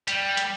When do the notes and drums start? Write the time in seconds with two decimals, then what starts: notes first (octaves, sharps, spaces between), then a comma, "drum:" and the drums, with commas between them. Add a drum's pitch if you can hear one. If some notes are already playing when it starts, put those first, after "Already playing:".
0.08 G3, drum: hi-hat
0.37 drum: hi-hat